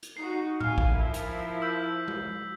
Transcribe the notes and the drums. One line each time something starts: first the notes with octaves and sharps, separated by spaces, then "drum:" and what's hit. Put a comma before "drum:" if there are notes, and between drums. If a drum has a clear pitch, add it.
drum: hi-hat
D#4 F#4 C7
F5 G#5 F6, drum: tom A2
drum: kick
F3 E4 A#4
drum: hi-hat
E6 G6 B6
drum: tom G#3